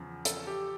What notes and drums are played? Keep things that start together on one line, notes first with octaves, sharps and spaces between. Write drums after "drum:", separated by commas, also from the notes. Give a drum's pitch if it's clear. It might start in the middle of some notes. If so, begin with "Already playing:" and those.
Already playing: E2 C#3 F3
A4, drum: hi-hat
G4